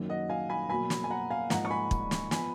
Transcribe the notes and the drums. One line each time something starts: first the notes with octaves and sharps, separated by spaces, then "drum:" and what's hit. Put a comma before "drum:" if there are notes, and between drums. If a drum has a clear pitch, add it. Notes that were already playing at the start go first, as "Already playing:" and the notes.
Already playing: F#2 D#3 F#3 A#3
D#5 F#5
F5 G#5
G#5 B5
B2 F#3 A#3 G#5 B5
drum: snare
G#5
F#5 A#5
F5 G#5
G#2 F3 A#3 F#5 A#5, drum: snare
C#6
G#5 B5
drum: kick
drum: snare
F3 B3 G#5 B5, drum: snare